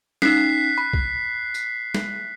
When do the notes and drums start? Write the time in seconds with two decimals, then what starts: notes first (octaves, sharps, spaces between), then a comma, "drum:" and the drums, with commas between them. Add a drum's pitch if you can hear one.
0.22 C#4 D#4 F#6 B6 C7, drum: snare
0.78 B5
0.93 drum: kick C2
1.54 drum: tambourine
1.95 drum: snare